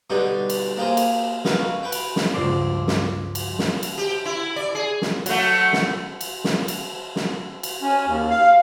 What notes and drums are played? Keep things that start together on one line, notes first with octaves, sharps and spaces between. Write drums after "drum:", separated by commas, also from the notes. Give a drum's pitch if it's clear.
B2 D3 G3 D#4 G4 A4
drum: cymbal
A#3 G4 G#4 C5
drum: cymbal
F#4 A#4 B4 D#5 F5, drum: snare
B4 F#5 G5
drum: cymbal
drum: snare
C#2 G2 F3 D5 C6 D6
drum: snare
drum: cymbal
drum: snare
drum: cymbal
G4
E4
D5
G#4
drum: snare
F#3 A3, drum: cymbal
drum: snare
drum: cymbal
drum: snare
drum: cymbal
drum: snare
drum: cymbal
C#4
D#2
F5